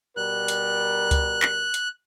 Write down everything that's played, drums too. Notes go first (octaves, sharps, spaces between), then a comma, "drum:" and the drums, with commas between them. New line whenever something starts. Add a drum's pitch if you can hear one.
B2 G3 A#4 F#6
drum: hi-hat
drum: kick C#2, hi-hat
drum: clap
drum: hi-hat